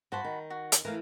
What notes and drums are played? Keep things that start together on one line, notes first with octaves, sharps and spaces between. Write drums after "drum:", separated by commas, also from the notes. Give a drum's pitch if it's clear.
G2 F#4 C5 A5 B5
D#3
F#4
drum: hi-hat
E3 A3 A#4 F5